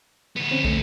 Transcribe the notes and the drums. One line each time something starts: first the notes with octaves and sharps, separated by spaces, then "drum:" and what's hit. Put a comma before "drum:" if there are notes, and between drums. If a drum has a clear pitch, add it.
D2 B3
C4 C#4
A3, drum: kick